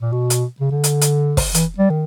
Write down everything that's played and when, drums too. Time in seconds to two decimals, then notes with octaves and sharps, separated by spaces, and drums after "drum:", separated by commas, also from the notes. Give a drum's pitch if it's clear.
0.02 A#2
0.12 B2
0.30 drum: hi-hat
0.60 C#3
0.71 D3
0.84 drum: hi-hat
1.01 drum: hi-hat
1.37 drum: kick, open hi-hat
1.54 E3, drum: hi-hat
1.78 G3
1.90 D#3